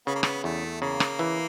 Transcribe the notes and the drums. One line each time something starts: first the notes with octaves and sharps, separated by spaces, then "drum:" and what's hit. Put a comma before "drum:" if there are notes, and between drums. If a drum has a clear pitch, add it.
C#3 B3
A#3
B3, drum: rim click
E2 A3
C#3 A#3
drum: rim click
E3